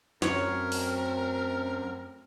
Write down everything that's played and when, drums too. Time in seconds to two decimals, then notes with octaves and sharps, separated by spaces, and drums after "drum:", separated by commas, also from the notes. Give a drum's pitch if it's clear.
0.22 F#2 A3 C4 A#4 C#5, drum: snare
0.72 drum: open hi-hat